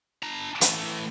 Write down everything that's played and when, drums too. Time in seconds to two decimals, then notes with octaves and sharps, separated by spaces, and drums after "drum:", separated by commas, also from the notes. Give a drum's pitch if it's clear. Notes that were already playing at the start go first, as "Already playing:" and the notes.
0.23 D4 A#5
0.61 E3 A3, drum: hi-hat